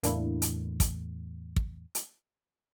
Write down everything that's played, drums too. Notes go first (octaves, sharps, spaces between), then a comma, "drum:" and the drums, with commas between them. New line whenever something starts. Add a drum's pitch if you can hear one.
E2 A2 A#3 D4 E4, drum: hi-hat
drum: hi-hat
drum: kick, hi-hat
drum: kick
drum: hi-hat